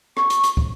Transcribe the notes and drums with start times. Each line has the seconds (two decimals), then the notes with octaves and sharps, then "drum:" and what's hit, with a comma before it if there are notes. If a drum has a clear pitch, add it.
0.17 C#6, drum: rim click
0.30 drum: hi-hat
0.44 drum: hi-hat
0.57 drum: kick